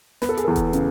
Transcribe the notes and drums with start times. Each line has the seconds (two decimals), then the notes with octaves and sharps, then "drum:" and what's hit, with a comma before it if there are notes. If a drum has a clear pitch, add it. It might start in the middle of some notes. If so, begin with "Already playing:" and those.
0.22 B3 B4, drum: snare
0.29 A4
0.37 G#4, drum: hi-hat
0.45 E2 A4
0.56 drum: kick E1, hi-hat
0.73 C#3, drum: hi-hat